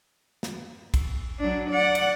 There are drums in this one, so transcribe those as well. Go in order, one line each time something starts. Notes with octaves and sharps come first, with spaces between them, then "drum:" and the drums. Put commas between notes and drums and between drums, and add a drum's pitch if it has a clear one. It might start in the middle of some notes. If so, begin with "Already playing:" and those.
drum: snare
drum: kick A#1, cymbal
F#3 D4
D5 F#5
drum: cymbal